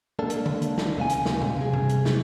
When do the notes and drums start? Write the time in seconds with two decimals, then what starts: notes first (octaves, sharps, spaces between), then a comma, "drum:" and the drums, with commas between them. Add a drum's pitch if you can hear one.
0.19 A#3 D4 A4
0.30 drum: hi-hat
0.46 drum: tom D3
0.62 drum: hi-hat
0.78 drum: snare
0.97 D#2 C#3 F5 G#5
1.10 drum: hi-hat
1.26 drum: snare
1.42 drum: tom
1.57 C3 G3 G#4
1.73 drum: tom G2
1.89 drum: hi-hat
2.05 drum: snare